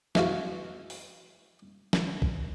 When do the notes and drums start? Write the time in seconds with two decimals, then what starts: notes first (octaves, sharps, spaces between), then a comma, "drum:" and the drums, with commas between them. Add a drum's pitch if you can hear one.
0.15 E3 G#3 F4 F#4, drum: snare
0.90 drum: open hi-hat
1.93 drum: snare
2.22 drum: kick